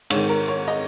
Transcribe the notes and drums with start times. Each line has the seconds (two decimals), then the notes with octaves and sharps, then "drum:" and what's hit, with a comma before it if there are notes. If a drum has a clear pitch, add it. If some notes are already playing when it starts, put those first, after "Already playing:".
0.10 G#2 D#3 C#5, drum: cymbal
0.29 A#4
0.48 C#5
0.68 D#5